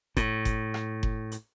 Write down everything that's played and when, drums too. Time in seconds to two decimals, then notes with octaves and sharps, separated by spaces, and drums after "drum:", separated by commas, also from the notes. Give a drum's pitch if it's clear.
0.17 A2, drum: kick F#1, hi-hat
0.45 drum: kick F#1, hi-hat
0.74 drum: rim click
1.03 drum: kick F#1
1.32 drum: hi-hat